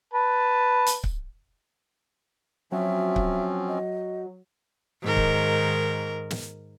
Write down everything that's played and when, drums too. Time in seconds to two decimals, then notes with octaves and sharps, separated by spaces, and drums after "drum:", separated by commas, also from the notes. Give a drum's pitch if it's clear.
0.13 B4 A5
0.86 drum: hi-hat
1.04 drum: kick C#1
2.72 F3 F#3 C4 C#4 E5
3.16 drum: kick C#1
3.68 D#5
5.03 G#2 D#3 A#4
5.17 drum: kick C#1
6.30 drum: snare